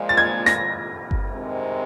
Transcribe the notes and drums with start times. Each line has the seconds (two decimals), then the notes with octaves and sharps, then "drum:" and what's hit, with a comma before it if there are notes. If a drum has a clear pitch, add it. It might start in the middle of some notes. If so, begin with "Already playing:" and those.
Already playing: A#2 F3 G#3
0.09 A6
0.17 G#6
0.46 A#6, drum: snare
1.11 drum: kick G1
1.33 C3 D#3 G#3 C4